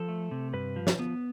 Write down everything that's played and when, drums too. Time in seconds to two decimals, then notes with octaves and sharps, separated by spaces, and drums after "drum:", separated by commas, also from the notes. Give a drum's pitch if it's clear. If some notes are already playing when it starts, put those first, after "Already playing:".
Already playing: F3 A4
0.08 A3
0.31 C3
0.53 G2 B4
0.76 F3
0.87 drum: snare
0.99 B3